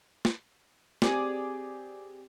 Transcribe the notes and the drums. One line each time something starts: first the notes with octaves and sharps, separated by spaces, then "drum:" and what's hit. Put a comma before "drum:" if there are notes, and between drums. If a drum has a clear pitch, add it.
drum: snare
C4 G4 G#4 D5, drum: snare